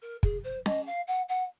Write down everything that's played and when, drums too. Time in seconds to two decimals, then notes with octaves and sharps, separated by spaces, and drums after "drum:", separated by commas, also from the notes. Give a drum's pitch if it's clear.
0.02 A#4
0.23 G#4, drum: kick
0.44 C5
0.66 D#5, drum: snare C#4
0.86 F5
1.07 F#5
1.29 F#5